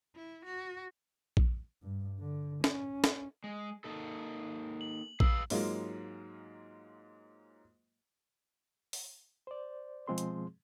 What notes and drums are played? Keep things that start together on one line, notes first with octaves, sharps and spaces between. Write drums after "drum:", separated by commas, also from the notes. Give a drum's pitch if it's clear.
E4
F#4
drum: kick A#1
G2
D3
C#4, drum: snare
drum: snare
G#3
A#3 D#4 A4
F#7
G#4 B4 F5 E6, drum: kick A#1
G#2 F#3 G#3 A#3 F4, drum: open hi-hat
drum: open hi-hat
C5 D5
B2 F3 G#3 C4 G#4 C6
drum: hi-hat